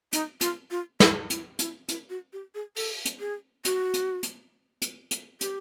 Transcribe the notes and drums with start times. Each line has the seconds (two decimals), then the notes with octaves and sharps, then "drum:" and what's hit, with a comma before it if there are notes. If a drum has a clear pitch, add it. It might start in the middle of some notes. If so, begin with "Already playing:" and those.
0.13 D#4, drum: hi-hat
0.41 F4, drum: hi-hat
0.71 F4
1.00 E4, drum: snare
1.30 E4, drum: hi-hat
1.59 E4, drum: hi-hat
1.89 E4, drum: hi-hat
2.10 F#4
2.33 G4
2.55 G#4
2.76 A4, drum: open hi-hat
3.06 drum: hi-hat
3.20 G#4
3.65 F#4, drum: hi-hat
3.94 drum: hi-hat
4.23 drum: hi-hat
4.82 drum: hi-hat
5.11 drum: hi-hat
5.41 G4, drum: hi-hat